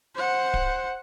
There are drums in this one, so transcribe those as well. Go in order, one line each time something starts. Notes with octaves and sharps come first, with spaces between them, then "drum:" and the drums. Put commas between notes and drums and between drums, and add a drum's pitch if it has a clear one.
C5 F#5
drum: kick D1